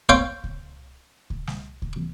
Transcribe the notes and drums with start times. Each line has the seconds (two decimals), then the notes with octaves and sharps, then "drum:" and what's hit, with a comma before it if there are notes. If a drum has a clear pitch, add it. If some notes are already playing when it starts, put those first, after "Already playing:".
0.09 C5 C#5 F5 G5 C6 C#6
0.44 drum: kick C#2
1.30 drum: kick C#2
1.47 drum: snare
1.82 drum: kick C#2